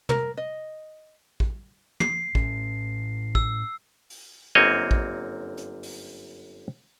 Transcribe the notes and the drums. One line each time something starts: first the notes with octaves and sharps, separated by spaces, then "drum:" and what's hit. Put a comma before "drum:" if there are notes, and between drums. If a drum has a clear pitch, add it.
A#4, drum: tom
D#5
drum: kick
C7, drum: tom
A2 C#4, drum: kick
E6, drum: kick
drum: open hi-hat
G1 F#2 A#3 C4 C#5 D#5
drum: kick
drum: hi-hat
drum: open hi-hat